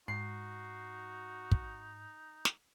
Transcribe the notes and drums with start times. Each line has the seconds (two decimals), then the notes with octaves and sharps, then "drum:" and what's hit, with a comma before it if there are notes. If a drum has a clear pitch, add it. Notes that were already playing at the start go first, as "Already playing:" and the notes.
0.08 G#2 D#4 F#4 C7
1.52 drum: kick
2.45 drum: snare